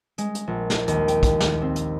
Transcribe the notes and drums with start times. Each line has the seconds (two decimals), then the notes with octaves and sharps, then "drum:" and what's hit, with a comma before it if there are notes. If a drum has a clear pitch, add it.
0.18 G#3, drum: hi-hat
0.35 drum: hi-hat
0.47 A#1
0.70 drum: snare
0.88 D#2, drum: hi-hat
1.08 G5, drum: hi-hat
1.23 drum: kick, hi-hat
1.40 drum: snare
1.62 C4
1.76 drum: hi-hat